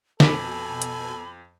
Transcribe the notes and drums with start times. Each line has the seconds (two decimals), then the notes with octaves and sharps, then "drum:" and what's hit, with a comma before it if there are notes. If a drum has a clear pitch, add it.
0.20 F2 B2 A4 G#5 B5 D6 B6, drum: snare
0.82 drum: hi-hat